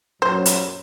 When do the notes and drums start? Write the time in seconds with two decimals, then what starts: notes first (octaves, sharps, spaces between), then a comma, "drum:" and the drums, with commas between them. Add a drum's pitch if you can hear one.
0.22 F#2 A#2 F#3 C5
0.46 drum: hi-hat